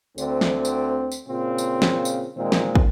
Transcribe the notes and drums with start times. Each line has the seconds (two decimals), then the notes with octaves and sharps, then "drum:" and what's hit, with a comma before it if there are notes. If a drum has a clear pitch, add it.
0.18 D2 D3 C4, drum: tambourine
0.41 drum: snare
0.65 drum: tambourine
1.12 drum: tambourine
1.28 A#2 C#3 C4 F4
1.58 drum: tambourine
1.82 drum: snare
2.05 drum: tambourine
2.37 A#2 D#3 G#3 C4
2.52 drum: snare
2.75 drum: kick